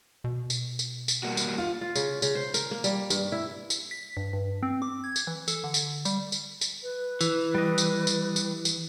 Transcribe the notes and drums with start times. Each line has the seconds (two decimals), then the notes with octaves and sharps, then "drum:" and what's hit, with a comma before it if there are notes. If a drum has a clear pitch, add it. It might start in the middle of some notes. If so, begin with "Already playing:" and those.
0.24 B2
0.50 drum: tambourine
0.79 drum: tambourine
1.08 drum: tambourine
1.23 G3 A#3 F#4
1.37 drum: tambourine
1.58 F4
1.81 F4
1.96 C#3, drum: tambourine
2.22 C#3, drum: tambourine
2.35 C5
2.54 A#4, drum: tambourine
2.71 A#3
2.84 G3, drum: tambourine
3.10 G2, drum: tambourine
3.32 E4
3.70 drum: tambourine
3.91 B6
4.17 G2
4.33 G2
4.63 C4
4.82 D6
5.04 G#6
5.16 drum: tambourine
5.27 E3
5.48 A4, drum: tambourine
5.64 D3
5.74 drum: tambourine
6.05 G3, drum: tambourine
6.32 drum: tambourine
6.61 drum: tambourine
6.83 B4
7.21 E3, drum: tambourine
7.55 G3 D#5
7.78 drum: tambourine
8.07 drum: tambourine
8.36 drum: tambourine
8.65 drum: tambourine